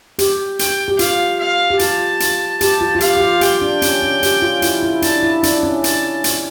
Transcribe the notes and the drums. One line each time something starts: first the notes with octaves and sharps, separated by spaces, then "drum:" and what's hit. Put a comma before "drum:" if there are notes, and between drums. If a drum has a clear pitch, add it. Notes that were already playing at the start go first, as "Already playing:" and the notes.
G4, drum: hi-hat
G5, drum: hi-hat
G4
F4 F5, drum: hi-hat
F5
G4
F4 A5, drum: hi-hat
drum: hi-hat
G4 A5, drum: hi-hat
F4
F4
G4 F5, drum: hi-hat
G4
F4
G4 G5, drum: hi-hat
D4
C#4, drum: hi-hat
C#4
G4, drum: hi-hat
F4
E4, drum: hi-hat
E4
D4 A5, drum: hi-hat
E4
D4, drum: hi-hat
C#4
A5, drum: hi-hat
drum: hi-hat